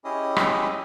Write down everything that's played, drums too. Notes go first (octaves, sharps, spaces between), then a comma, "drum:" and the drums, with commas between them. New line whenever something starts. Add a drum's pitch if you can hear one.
C#4 E4 G4 G#4 D#5 D#6
drum: rim click